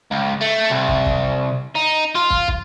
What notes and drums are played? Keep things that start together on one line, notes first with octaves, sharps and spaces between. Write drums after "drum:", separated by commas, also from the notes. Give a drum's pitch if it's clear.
C#2
A3
C2
drum: kick
drum: kick
D#4
F4
drum: kick
drum: kick